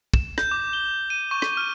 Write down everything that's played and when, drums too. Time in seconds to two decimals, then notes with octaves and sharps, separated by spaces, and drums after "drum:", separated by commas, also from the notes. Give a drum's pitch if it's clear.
0.14 E7, drum: kick
0.38 G6, drum: rim click
0.51 D6
0.73 G7
1.10 D#7
1.31 C#6
1.42 drum: rim click
1.57 F6